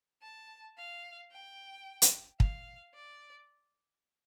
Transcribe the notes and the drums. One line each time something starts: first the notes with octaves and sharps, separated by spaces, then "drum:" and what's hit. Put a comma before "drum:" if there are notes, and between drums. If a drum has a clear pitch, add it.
A5
F5
G5
drum: hi-hat
F5, drum: kick
D5